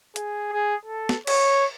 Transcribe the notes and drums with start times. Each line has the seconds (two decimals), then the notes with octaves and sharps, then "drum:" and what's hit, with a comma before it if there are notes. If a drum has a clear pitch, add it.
0.16 G#4, drum: hi-hat
0.53 G#4
0.86 A4
1.09 drum: snare
1.27 C#5, drum: cymbal